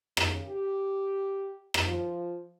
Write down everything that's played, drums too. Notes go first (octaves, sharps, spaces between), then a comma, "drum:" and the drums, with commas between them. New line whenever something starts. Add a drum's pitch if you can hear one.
C#3, drum: rim click
G4
drum: rim click
F3